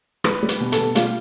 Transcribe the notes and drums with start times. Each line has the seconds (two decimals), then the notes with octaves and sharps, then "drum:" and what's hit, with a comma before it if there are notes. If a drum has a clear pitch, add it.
0.24 G3 B4, drum: rim click
0.43 G3
0.49 B4, drum: hi-hat
0.60 B2
0.72 A4, drum: hi-hat
0.78 B2
0.95 G3 F4, drum: hi-hat